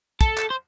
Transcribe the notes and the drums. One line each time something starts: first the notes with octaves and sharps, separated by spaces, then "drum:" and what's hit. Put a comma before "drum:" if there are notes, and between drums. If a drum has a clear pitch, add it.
A4, drum: kick, hi-hat
drum: clap
C5